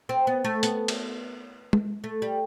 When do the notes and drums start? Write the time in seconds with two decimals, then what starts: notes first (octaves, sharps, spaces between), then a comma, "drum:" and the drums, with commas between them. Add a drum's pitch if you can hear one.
0.09 C4
0.27 B3
0.44 A3
0.63 B3, drum: hi-hat
0.88 drum: cymbal
1.73 drum: tom G#3
2.04 A3
2.22 G3